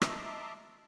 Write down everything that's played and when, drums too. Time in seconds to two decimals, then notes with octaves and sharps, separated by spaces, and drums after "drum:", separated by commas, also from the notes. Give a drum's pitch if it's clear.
0.02 D#5 E5 A5 A#5 C6 D6, drum: rim click